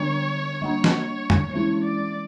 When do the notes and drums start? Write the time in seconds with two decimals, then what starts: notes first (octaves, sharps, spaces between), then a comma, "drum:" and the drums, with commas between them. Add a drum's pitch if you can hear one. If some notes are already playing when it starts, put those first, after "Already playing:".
Already playing: D3 G3 B3 D4 C#5
0.62 G3 A#3 D4
0.84 drum: snare
1.30 drum: tom
1.52 E3 G#3 C#4 E4 C#5
1.84 D5